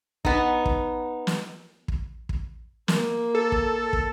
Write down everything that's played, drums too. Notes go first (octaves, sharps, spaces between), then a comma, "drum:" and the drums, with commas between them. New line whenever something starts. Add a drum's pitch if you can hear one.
B3 D#4, drum: kick
drum: kick
drum: snare
drum: kick
drum: kick
A#3, drum: snare
A4
drum: kick
drum: kick